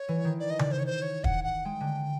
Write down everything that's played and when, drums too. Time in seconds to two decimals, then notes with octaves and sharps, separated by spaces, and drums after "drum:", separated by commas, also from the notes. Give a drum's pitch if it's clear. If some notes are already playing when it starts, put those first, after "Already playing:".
Already playing: C#5
0.08 E3
0.25 D#3
0.39 D5
0.50 D#5
0.59 D5, drum: tom C#3
0.72 C5
0.79 C#5
0.86 C5
1.02 C#5
1.24 F#5, drum: kick
1.44 F#5
1.65 G#3 G5
1.80 D3